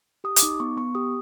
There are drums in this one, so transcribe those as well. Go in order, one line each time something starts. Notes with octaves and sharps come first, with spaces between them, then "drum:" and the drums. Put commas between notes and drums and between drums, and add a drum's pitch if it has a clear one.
G4 D#6
D6, drum: hi-hat
D#4
B3 C#6
B3 C#6
G4 D#6